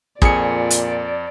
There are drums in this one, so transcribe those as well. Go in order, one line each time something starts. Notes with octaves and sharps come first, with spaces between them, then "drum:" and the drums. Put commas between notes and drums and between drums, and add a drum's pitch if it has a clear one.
F2 A#2 G#4 D5 C#7, drum: kick
drum: hi-hat